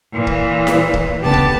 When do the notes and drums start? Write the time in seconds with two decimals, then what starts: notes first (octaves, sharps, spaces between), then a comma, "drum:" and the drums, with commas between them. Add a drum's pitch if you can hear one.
0.13 A#2 E3
0.27 drum: kick
0.67 drum: snare E4
0.93 drum: kick
1.20 C#2 D3 B3 G4 A5
1.33 drum: kick